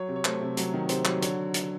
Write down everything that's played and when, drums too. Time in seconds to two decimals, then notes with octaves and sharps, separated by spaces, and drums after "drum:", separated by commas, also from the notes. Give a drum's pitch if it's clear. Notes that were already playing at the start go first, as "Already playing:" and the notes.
Already playing: F#3 C#5
0.08 C3
0.16 C#5
0.25 A3 C5, drum: clap
0.41 C3
0.57 F#3, drum: hi-hat
0.74 D#3
0.89 C3 C5, drum: hi-hat
1.05 F#3, drum: clap
1.22 D3 C#5, drum: hi-hat
1.54 drum: hi-hat